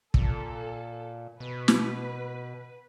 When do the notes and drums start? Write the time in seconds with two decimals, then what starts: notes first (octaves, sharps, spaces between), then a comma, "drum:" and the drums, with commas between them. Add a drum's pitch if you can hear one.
0.14 A#2 A4, drum: kick
1.40 B2 B4
1.68 drum: snare